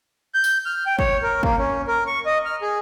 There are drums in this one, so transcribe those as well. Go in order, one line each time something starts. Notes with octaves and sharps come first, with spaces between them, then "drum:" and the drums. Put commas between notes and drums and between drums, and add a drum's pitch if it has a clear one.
G6
drum: tambourine
F6
G5
C#5, drum: kick
A#4
A#3, drum: kick
C#4
A#4
C#6
D#5
F6
G#4